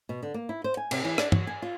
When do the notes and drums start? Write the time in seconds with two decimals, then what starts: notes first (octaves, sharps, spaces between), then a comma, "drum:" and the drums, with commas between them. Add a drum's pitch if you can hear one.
0.09 B2
0.23 D3
0.34 A#3
0.49 E4
0.64 C5
0.77 G#5
0.91 C3, drum: cymbal
1.05 E3
1.18 D4, drum: rim click
1.32 F#3, drum: tom G2
1.47 G#5
1.62 F4